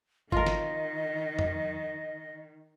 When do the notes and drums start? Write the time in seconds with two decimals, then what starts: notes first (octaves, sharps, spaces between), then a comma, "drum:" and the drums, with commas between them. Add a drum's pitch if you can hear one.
0.32 D#3 F4 A#4 D#5, drum: kick
0.47 drum: snare
1.39 drum: tom E2